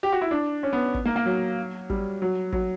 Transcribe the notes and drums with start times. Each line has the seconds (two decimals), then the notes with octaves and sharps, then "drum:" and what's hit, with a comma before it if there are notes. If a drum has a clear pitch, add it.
0.03 G4
0.12 F#4
0.21 E4
0.31 D4
0.63 C#4
0.73 B3
0.94 drum: kick
1.05 A#3
1.16 A#3
1.26 F#3
1.90 G3, drum: kick
2.22 F#3
2.52 F#3, drum: kick